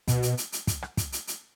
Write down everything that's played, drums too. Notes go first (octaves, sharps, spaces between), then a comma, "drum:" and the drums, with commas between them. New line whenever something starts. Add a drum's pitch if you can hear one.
B2, drum: kick, hi-hat
drum: hi-hat
drum: hi-hat
drum: hi-hat
drum: kick, hi-hat
drum: rim click
drum: kick, hi-hat
drum: hi-hat
drum: hi-hat